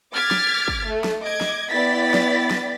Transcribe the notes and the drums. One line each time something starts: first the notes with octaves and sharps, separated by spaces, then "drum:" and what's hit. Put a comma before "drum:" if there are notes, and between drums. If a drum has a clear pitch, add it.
D6 F6 G#6 A6 B6
drum: snare
drum: kick
A3
drum: snare
D#5 D6 G#6
drum: snare
B3 E4 D5 G5 A6 B6
drum: snare
drum: snare